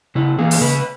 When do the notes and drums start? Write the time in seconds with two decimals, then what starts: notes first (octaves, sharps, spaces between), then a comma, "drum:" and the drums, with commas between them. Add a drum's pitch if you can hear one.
0.15 C#3 E4
0.39 E3 A#3 G#4
0.51 drum: open hi-hat
0.61 C#3 B4